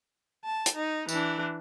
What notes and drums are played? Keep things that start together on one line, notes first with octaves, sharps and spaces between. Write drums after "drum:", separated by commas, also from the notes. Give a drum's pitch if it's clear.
A5
drum: hi-hat
D#4
E3 D4, drum: tambourine